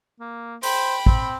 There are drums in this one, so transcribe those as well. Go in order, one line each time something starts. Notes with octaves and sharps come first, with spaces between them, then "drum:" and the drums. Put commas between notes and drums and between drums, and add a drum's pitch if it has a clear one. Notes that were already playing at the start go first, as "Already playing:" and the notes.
A#3
C5 G5 B5, drum: open hi-hat
C4, drum: kick